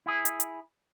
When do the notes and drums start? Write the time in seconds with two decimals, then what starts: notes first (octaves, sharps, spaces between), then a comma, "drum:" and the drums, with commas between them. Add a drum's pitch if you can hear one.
0.06 E4 G#4
0.25 drum: hi-hat
0.40 drum: hi-hat